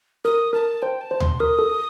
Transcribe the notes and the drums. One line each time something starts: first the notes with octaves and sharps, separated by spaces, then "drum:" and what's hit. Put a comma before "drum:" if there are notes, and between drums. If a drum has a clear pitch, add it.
A#4 D#6
A#4 A5
C5 G5
A5
C5
C6, drum: tom D2
A#4 D#6
A4